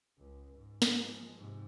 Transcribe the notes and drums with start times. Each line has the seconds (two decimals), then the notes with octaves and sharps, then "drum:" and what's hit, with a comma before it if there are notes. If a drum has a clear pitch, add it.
0.18 C#2
0.53 G#2
0.82 drum: snare
0.97 F3 G#3
1.36 G#2 C3